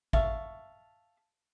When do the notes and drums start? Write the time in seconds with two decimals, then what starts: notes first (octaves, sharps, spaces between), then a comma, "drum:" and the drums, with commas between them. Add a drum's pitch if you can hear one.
0.13 E5 F5 A5 C#6, drum: kick G#1